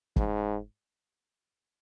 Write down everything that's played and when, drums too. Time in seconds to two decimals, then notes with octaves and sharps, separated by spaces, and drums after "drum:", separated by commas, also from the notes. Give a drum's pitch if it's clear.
0.16 G#2, drum: kick